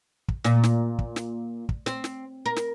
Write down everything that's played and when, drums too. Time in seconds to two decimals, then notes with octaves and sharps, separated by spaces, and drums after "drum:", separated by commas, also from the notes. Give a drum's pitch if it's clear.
0.28 drum: kick
0.44 A#2, drum: snare
0.64 drum: snare
0.99 drum: kick
1.16 drum: snare
1.69 drum: kick
1.86 C4, drum: snare
2.04 drum: snare
2.46 A#4
2.56 drum: snare